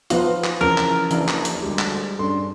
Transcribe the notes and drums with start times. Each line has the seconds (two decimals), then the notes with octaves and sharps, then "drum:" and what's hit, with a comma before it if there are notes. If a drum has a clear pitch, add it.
0.10 F3 B3 D#4 F4 C6, drum: hi-hat
0.44 drum: clap
0.61 F2 C#3 E3 C#4 A#4
0.78 drum: clap
1.11 F#1 E3 D4, drum: hi-hat
1.28 drum: clap
1.45 drum: hi-hat
1.62 D2 G3 G#3
1.79 drum: clap
2.19 G2 C#4 D4 A4 C6